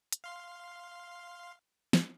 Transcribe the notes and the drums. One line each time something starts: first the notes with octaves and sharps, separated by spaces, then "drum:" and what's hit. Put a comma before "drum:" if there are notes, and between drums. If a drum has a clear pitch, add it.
drum: hi-hat
F5 C6
drum: snare